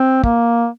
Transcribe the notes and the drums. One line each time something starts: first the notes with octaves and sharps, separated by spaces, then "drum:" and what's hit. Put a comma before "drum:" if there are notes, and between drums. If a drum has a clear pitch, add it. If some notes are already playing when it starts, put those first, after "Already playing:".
Already playing: C4
A#3, drum: kick